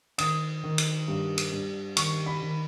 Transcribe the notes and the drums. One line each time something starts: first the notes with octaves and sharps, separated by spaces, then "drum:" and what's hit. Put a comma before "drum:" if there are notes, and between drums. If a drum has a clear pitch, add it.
D#3 D#6, drum: cymbal
D#3
drum: cymbal
G2
drum: cymbal
G2
D#3 C#6, drum: cymbal
B5
D#3